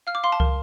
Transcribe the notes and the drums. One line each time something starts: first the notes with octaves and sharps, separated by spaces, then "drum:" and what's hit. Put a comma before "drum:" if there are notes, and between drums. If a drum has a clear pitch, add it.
F5 F6
D6
F5 C6
A5
A#4, drum: kick C#2